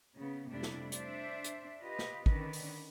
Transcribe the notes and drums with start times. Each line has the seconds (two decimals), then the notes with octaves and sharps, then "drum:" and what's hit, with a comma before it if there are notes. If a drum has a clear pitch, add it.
0.16 C#3 B3
0.50 F2 C3 G3 A3 D4 E4
0.63 drum: snare
0.92 D4 C5 E5, drum: hi-hat
1.44 drum: hi-hat
1.80 F4 G4 B4 D#5
1.99 drum: snare
2.26 D3 D#3 C#4 D4 B4, drum: kick
2.53 drum: open hi-hat